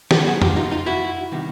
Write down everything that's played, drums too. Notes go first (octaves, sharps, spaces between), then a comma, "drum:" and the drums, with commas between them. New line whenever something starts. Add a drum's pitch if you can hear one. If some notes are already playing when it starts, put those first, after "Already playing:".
D#3 F#3 B3 G4 A4, drum: snare
F#4 G#4
F4 G4, drum: tom
D#4 F4
D#4 F4
E4 F#4
C3 D#3 G3 B3